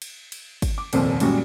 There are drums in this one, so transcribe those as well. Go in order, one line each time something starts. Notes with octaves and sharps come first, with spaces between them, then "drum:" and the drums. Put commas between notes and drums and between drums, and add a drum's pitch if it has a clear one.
drum: cymbal
drum: cymbal
drum: kick, cymbal
D6
D#1 C2 F2 A#2 A4 C5, drum: cymbal
F#2 A#2 G3 G#3 C#4 F#4, drum: cymbal